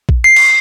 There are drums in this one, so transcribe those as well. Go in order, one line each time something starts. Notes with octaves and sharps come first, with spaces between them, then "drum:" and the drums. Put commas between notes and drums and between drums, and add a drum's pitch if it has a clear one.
drum: kick A#1
C7
drum: cymbal